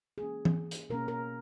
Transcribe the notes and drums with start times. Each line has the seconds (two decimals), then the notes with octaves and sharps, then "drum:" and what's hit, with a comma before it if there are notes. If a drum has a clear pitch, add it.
0.18 E3 A#3 C#4 G#4
0.45 drum: tom E3
0.71 drum: hi-hat
0.90 B2 A#3 C#4 A#4
1.08 A#4